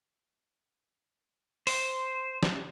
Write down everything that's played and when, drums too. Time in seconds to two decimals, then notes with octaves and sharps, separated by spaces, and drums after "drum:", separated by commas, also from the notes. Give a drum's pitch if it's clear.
1.67 C5, drum: open hi-hat
2.43 drum: snare